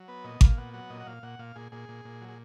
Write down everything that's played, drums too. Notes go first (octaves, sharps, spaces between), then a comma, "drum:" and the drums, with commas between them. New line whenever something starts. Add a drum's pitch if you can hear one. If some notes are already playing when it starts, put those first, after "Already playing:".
Already playing: F#3
B3 B4
A#2 D#5
A#2 F5, drum: kick G#1
B3 F#5
F#3 F#5
A#2 D#5
F#5
A#2 F5
A#2 F#5
A#2 F5
A#2 G#4
A#2 G#4
A#2
A#2
F#3
G#4